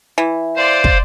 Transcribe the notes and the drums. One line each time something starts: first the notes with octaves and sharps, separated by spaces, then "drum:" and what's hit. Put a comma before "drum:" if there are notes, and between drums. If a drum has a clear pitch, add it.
E3
C5 D5 F5 C6
drum: kick